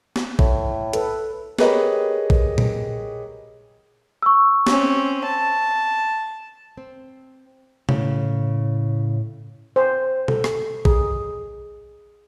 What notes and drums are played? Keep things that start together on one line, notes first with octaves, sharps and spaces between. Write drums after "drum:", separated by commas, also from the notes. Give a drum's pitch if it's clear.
drum: snare
A2, drum: kick A#1
A4 B4, drum: hi-hat
G4 G#4 A#4 B4 C#5 D#5, drum: snare
drum: kick A#1
drum: tom A#2
C#6 E6
C4 C#4, drum: snare
A5
C4
A2 C#3, drum: tom B2
C5 G#5
A4, drum: tom B2
drum: rim click
G#4, drum: kick A#1